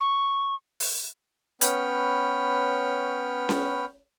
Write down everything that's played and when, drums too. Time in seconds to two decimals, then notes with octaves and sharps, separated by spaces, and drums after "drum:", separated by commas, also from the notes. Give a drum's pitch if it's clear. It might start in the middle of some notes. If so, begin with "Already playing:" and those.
0.01 C#6
0.80 drum: open hi-hat
1.61 B3 C#4 B4 C#5 G5 F6, drum: hi-hat
3.49 drum: snare C#4